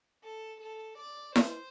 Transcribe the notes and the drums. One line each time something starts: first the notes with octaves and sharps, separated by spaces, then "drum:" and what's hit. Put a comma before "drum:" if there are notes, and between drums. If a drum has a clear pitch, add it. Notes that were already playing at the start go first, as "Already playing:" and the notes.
A4
A4
D5
C5, drum: snare E4